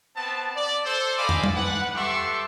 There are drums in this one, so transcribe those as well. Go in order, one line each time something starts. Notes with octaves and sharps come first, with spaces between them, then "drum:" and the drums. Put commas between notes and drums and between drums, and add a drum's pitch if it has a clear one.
B3 C4 A5
D5
A4 C5
D5 D#5 F5 G#5 B5
drum: tom
drum: tom G3
B4 F#5
G4 A4 E5 C6 C#6